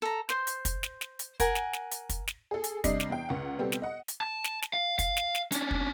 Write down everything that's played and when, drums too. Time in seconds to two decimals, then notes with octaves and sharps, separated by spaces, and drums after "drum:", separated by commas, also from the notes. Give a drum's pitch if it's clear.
0.02 A4 A#5
0.29 C5 C6, drum: snare
0.47 drum: hi-hat
0.65 drum: kick, hi-hat
0.83 drum: snare
1.01 drum: snare
1.19 drum: hi-hat
1.40 A#4 F#5 G#5, drum: kick, hi-hat
1.55 drum: snare
1.73 drum: snare
1.91 drum: hi-hat
2.09 drum: kick, hi-hat
2.28 drum: snare
2.51 G#4 A4
2.64 drum: hi-hat
2.84 C3 G3 D4 D5 D#5 C7, drum: kick, hi-hat
3.00 drum: snare
3.10 E2 G5
3.29 C#2 F#5
3.58 B2 G3 B3 C4 G4 A4
3.72 drum: snare
3.82 D#5 F#5
4.08 drum: hi-hat
4.21 A5
4.44 drum: snare
4.62 drum: snare
4.73 F5
4.99 F5, drum: kick, hi-hat
5.17 drum: snare
5.35 drum: snare
5.52 C#4 D4, drum: hi-hat
5.71 drum: kick